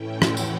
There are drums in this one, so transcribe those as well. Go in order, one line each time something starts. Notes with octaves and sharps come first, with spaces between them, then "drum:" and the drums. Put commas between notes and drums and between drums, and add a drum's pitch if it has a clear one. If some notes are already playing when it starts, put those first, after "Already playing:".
Already playing: A2 E3 A3 C#4 E4 G5
F#5, drum: rim click
drum: tambourine